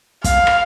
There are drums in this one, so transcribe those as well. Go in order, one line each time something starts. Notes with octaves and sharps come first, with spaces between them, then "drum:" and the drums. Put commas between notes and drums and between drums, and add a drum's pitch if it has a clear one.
F5, drum: kick, hi-hat
drum: rim click